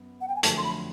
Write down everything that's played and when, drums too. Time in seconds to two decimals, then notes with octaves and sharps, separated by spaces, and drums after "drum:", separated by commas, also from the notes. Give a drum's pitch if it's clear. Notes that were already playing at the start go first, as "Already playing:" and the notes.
Already playing: F#2 B3
0.21 F#5
0.28 G5
0.36 G#5
0.43 F2 D3 F#3 A3 A5, drum: hi-hat
0.57 C6
0.64 B5